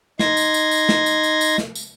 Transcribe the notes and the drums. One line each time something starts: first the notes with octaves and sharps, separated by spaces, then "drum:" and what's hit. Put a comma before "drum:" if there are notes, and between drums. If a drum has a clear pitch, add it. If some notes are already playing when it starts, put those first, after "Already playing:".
D#4 C6 G#6 A#6, drum: snare
drum: tambourine
drum: tambourine
drum: tambourine
drum: snare
drum: tambourine
drum: tambourine
drum: tambourine
drum: snare
drum: tambourine